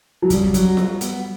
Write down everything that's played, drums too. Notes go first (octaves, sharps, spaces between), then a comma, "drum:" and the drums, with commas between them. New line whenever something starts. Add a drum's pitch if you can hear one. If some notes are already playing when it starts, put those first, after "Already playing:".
F#3
C#3 G3, drum: kick, hi-hat
F#3, drum: hi-hat
B3, drum: snare F4
B3, drum: hi-hat